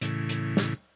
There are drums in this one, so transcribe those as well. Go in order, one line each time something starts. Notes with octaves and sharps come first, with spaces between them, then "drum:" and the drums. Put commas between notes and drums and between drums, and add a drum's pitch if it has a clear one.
A2 C#3 E3, drum: hi-hat
drum: hi-hat
drum: snare